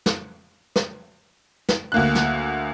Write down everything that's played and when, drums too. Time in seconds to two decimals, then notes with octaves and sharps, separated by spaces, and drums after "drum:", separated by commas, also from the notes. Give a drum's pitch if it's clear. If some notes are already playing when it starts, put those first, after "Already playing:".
0.06 drum: snare
0.76 drum: snare
1.69 drum: snare
1.92 D2 A#3 F#6
2.15 drum: snare